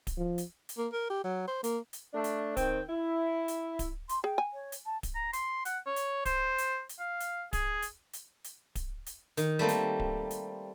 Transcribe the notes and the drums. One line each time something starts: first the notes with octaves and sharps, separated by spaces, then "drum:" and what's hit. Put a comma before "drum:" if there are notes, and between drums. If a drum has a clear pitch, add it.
drum: kick D1, hi-hat
F3
drum: hi-hat
drum: hi-hat
A#3
A#4
G4
F#3
C5
A#3, drum: hi-hat
drum: hi-hat
A3 D4
drum: hi-hat
D#3 C4 G5, drum: kick D1, hi-hat
E4
drum: hi-hat
drum: kick D1, hi-hat
C6, drum: hi-hat
G#4 G5
G#5
C#5
drum: hi-hat
A5
drum: kick D1, hi-hat
A#5
C6, drum: hi-hat
F#5, drum: hi-hat
C#5
drum: hi-hat
C5, drum: kick D1, hi-hat
drum: hi-hat
drum: hi-hat
F5
drum: hi-hat
G#4, drum: kick D1, hi-hat
drum: hi-hat
drum: hi-hat
drum: hi-hat
drum: kick D1, hi-hat
drum: hi-hat
D#3, drum: hi-hat
G3 A3 A#3 C4
drum: hi-hat
drum: kick D1
drum: hi-hat